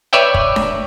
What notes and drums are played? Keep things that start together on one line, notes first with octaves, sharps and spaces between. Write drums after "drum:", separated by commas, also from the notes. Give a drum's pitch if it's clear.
B4 C#5 D5 E5 G5
drum: kick
drum: snare D4